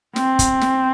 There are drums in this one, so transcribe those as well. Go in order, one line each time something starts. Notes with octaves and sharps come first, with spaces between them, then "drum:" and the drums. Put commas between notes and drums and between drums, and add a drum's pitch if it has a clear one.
C4, drum: snare
drum: kick, hi-hat
drum: snare